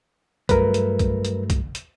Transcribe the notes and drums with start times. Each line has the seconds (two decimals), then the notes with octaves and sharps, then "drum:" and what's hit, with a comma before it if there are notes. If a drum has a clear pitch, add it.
0.49 G2 F#3 A3 A#4 B4, drum: kick, hi-hat
0.74 drum: hi-hat
0.99 drum: kick, hi-hat
1.25 drum: hi-hat
1.50 drum: kick, hi-hat
1.75 drum: hi-hat